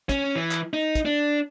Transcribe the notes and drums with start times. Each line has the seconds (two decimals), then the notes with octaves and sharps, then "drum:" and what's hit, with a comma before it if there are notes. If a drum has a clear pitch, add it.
0.09 C#4, drum: kick, hi-hat
0.35 E3
0.51 drum: clap
0.73 D#4
0.95 drum: kick, hi-hat
1.05 D4